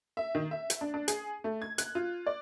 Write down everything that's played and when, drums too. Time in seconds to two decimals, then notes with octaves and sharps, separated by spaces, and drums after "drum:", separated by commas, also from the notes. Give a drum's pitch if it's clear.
0.17 E5
0.35 D#3
0.51 E5
0.70 drum: hi-hat
0.81 D4
0.94 D4
1.08 G#4, drum: hi-hat
1.44 A3
1.62 G#6
1.78 F#6, drum: hi-hat
1.95 F4
2.26 D5